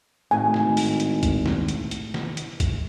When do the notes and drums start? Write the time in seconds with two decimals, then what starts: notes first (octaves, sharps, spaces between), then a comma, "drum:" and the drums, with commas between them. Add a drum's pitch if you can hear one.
0.31 G#1 A2 G#5
0.54 drum: snare
0.77 drum: open hi-hat
1.00 drum: hi-hat
1.23 drum: kick, hi-hat
1.46 drum: snare
1.68 drum: hi-hat
1.91 drum: hi-hat
2.14 drum: snare
2.37 drum: hi-hat
2.60 drum: kick, hi-hat